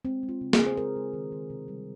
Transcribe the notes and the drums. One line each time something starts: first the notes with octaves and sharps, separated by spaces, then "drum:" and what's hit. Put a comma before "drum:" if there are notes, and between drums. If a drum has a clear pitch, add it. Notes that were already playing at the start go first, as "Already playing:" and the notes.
G#3 C4
G#3
F4
C#3
G#4, drum: snare
C#3
C5
G#3 A#4
G#3
D#3
D#3
C3
G3